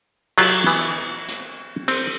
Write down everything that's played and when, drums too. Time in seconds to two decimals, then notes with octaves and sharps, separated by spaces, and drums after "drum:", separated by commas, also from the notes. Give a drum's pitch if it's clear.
0.38 F#3 F4 G4, drum: cymbal
0.67 E3 B3, drum: tambourine
1.28 drum: hi-hat
1.88 C4, drum: cymbal